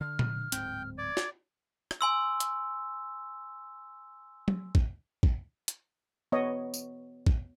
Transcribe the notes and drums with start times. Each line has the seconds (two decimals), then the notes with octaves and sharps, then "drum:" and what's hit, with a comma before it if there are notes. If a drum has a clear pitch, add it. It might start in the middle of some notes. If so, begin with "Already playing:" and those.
0.01 D3 F6
0.19 drum: tom A#2
0.52 D1 G#2 C4 G5, drum: hi-hat
0.98 D5 G#6
1.17 drum: snare
1.91 drum: rim click
2.01 G#5 C6 E6
2.40 drum: hi-hat
4.48 drum: tom
4.75 drum: kick
5.23 drum: kick
5.68 drum: hi-hat
6.32 B3 C#5 D#5
6.74 drum: tambourine
7.27 drum: kick